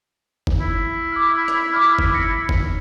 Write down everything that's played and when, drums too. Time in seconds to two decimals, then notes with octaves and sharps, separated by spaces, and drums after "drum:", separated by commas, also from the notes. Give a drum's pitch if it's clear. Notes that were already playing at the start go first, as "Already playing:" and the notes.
0.47 drum: kick
0.60 E4
1.12 D6 F6
1.48 drum: rim click
1.73 D6 F6
1.99 drum: kick
2.14 A#6 C#7
2.49 drum: kick